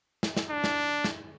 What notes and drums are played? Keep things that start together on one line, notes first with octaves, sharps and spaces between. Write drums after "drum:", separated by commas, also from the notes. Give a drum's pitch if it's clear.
drum: snare
drum: snare
D4
drum: snare
drum: snare